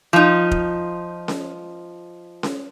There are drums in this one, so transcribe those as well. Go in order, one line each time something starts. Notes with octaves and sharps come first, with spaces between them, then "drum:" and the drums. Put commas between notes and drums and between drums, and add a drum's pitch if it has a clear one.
F3 D#4
drum: kick
drum: snare C#4
drum: snare C#4